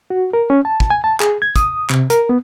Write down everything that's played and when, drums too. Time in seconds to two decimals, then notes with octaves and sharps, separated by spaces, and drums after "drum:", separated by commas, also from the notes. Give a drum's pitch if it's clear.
0.10 F#4
0.33 A#4
0.50 C#4
0.65 A5
0.80 drum: kick
0.90 G#5
1.04 A5
1.20 G#4, drum: clap
1.42 G#6
1.56 D#6, drum: kick, hi-hat
1.90 C3, drum: clap
2.10 A#4, drum: hi-hat
2.29 B3